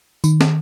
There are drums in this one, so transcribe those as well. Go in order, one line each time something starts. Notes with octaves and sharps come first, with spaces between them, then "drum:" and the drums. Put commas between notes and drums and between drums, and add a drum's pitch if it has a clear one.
D#3, drum: tambourine
drum: snare